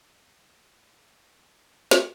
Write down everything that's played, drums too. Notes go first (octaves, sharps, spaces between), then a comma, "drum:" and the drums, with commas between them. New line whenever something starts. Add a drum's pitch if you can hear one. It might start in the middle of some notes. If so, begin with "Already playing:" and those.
D#3 D#4 B4 F#7
drum: snare